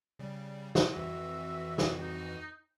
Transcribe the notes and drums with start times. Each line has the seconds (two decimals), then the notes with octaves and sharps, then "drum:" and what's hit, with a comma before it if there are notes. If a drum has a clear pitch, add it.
0.19 C#3 G3
0.75 drum: snare
0.92 F2 E3 F#4 E5
1.78 drum: snare
2.01 D#4